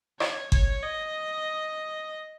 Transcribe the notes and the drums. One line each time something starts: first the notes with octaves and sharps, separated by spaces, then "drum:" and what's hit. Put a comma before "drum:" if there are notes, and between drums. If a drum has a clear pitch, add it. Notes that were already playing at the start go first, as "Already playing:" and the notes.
C#5, drum: rim click
C#5, drum: kick G1
D#5